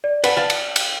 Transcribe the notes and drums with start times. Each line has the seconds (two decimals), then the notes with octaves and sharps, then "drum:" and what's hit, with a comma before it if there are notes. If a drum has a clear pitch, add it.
0.04 D5
0.24 B4 F#5 A5, drum: cymbal
0.37 F5 A5
0.50 drum: cymbal
0.76 drum: cymbal